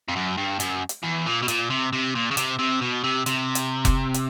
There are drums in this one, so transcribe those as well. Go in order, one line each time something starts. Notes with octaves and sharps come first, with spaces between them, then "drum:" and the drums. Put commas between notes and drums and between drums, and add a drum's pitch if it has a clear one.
F2
F#2
G2
F#2, drum: hi-hat
drum: hi-hat
E2
A#2
B2
A#2, drum: hi-hat
C3
C3
A#2
C#3
C3, drum: hi-hat
C3
B2
C3
C3, drum: hi-hat
drum: hi-hat
drum: kick F1, hi-hat
drum: hi-hat